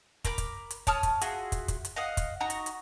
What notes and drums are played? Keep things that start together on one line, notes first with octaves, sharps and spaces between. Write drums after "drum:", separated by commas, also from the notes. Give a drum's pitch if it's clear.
A#4 A#5 B5 D6, drum: kick, hi-hat
drum: kick, hi-hat
drum: hi-hat
C#5 A5 D#6 F6, drum: kick, hi-hat
drum: kick, hi-hat
F4 F#4 G#4 E5, drum: hi-hat
drum: kick, hi-hat
drum: kick, hi-hat
drum: hi-hat
D#5 F5 F#5 D#6
drum: kick, hi-hat
D#4 F#4 A#5 C#6
drum: hi-hat
drum: hi-hat